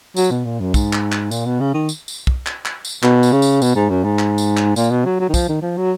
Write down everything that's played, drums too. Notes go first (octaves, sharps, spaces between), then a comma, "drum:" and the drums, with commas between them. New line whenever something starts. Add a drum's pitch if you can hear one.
F#3, drum: tambourine
B2
A#2
F#2
G#2, drum: kick, tambourine
drum: clap
drum: clap
A#2, drum: tambourine
B2
C#3
D#3
drum: tambourine
drum: tambourine
drum: kick
drum: clap
drum: clap
drum: tambourine
B2, drum: clap
drum: tambourine
C#3
drum: tambourine
B2, drum: tambourine
G#2
F#2
G#2
drum: clap
drum: tambourine
drum: clap
A#2, drum: tambourine
B2
F#3
F#3
D#3
F3, drum: kick, tambourine
D#3
F3
F#3